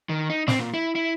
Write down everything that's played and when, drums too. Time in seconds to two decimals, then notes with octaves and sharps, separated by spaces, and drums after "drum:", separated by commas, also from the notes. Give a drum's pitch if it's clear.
0.09 D#3
0.30 D#4
0.48 C4, drum: snare
0.59 A#2
0.74 E4
0.95 E4